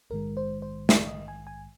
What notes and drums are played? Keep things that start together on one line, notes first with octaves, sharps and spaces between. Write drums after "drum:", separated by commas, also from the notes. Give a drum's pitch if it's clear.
A#1 G#2 D#3 G#3 A#4
C5
C5
D5, drum: snare
D#5
G#5
G#5